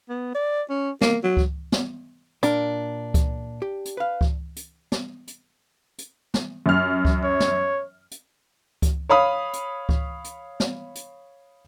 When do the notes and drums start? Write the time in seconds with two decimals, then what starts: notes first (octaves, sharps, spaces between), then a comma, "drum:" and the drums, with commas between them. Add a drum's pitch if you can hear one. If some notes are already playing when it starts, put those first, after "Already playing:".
0.09 B3
0.35 D5
0.69 C#4
1.01 A#3, drum: snare
1.24 F#3
1.37 drum: kick C#2
1.72 drum: snare
2.43 A#2 D4 A#4, drum: hi-hat
3.14 drum: kick C#2, hi-hat
3.62 G4
3.85 drum: hi-hat
3.97 B4 F5
4.21 drum: kick C#2
4.56 drum: hi-hat
4.92 drum: snare
5.27 drum: hi-hat
5.98 drum: hi-hat
6.34 drum: snare
6.66 F#2 F6
7.05 drum: kick C#2
7.23 C#5
7.40 drum: snare
8.11 drum: hi-hat
8.82 drum: kick C#2, hi-hat
9.09 C#5 F5 B5 D#6
9.53 drum: hi-hat
9.89 drum: kick C#2
10.24 drum: hi-hat
10.60 drum: snare
10.95 drum: hi-hat